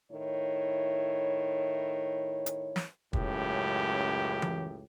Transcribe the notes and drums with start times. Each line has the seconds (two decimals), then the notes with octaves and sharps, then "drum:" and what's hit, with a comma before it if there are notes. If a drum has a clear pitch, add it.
0.11 A2 D#3 E4 C#5
2.46 drum: hi-hat
2.76 drum: snare
3.13 C#2 F#2 A2 G4, drum: kick
4.42 drum: tom E3